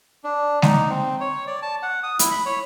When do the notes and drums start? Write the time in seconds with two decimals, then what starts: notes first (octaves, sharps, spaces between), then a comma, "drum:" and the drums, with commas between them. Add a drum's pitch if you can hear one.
0.24 D4
0.62 D#4, drum: snare G#3
0.90 C4
1.21 C#5
1.47 D5
1.62 A5
1.83 F#5
2.03 D#6
2.19 E4, drum: hi-hat
2.31 B5
2.46 C#5